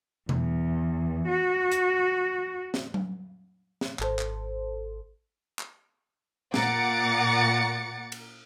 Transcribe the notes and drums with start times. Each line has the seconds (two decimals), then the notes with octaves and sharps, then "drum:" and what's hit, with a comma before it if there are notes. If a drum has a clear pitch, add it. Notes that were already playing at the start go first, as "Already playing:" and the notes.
0.29 E2, drum: tom B2
1.29 F#4
1.72 drum: hi-hat
2.74 drum: snare
2.94 drum: tom F#3
3.81 drum: snare
3.99 G#1 A4 C5, drum: clap
4.19 drum: clap
5.59 drum: clap
6.54 A#2 F#5 A#5 D6 A6 C#7, drum: snare
8.12 drum: cymbal